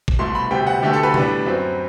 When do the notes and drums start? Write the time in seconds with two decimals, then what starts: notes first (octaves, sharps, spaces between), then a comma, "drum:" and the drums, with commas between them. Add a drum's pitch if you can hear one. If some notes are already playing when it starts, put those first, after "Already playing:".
0.08 drum: kick
0.19 C2 B2 A3 C6
0.35 B5
0.51 D2 C3 G3 B3 G5
0.67 F#5
0.82 D2 D3 A3 G4
0.93 A4
1.03 B4
1.14 A2 G3 B3 D4, drum: tom
1.46 F#2 F#3 C4